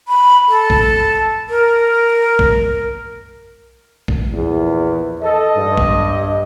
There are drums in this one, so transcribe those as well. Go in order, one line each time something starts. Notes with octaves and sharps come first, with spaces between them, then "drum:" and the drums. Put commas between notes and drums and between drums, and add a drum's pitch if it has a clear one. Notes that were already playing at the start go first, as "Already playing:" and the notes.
B5
A4
drum: kick A#1
A#4
drum: kick A#1
drum: kick A#1
A#1 E2
A4 D#5
G2
drum: kick A#1